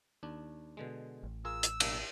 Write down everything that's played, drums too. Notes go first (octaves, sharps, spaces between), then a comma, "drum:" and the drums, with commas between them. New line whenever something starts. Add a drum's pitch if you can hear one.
D#2 D4
B2 D3 G#3
A1
F4 G#4 A#4 E6
drum: hi-hat
B1 A#3 D4, drum: cymbal